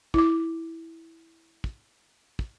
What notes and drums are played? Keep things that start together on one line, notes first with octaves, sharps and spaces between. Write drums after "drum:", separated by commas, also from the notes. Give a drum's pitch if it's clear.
E4 D6, drum: kick
drum: kick
drum: kick